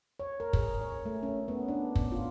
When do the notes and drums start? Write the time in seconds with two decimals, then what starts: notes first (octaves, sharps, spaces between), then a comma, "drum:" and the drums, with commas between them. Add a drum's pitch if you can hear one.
0.20 C#5
0.40 A#4
0.53 G#4, drum: kick
0.81 C#5
1.06 A3
1.23 C#4
1.48 B3
1.68 D4
1.95 drum: kick
2.12 F4